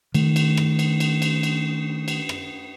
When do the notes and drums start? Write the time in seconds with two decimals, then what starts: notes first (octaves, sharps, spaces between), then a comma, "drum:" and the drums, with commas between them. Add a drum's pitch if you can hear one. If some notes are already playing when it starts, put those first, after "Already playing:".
0.14 D#3 A3, drum: cymbal
0.36 drum: cymbal
0.57 drum: rim click
0.79 drum: cymbal
1.00 drum: cymbal
1.22 drum: cymbal
1.43 drum: cymbal
2.08 drum: cymbal
2.29 drum: rim click